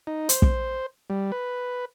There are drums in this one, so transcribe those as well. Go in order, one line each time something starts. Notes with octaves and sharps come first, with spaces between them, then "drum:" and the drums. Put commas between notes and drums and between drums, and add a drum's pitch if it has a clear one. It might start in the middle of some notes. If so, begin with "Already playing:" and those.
D#4
C5, drum: hi-hat
drum: kick
G3
B4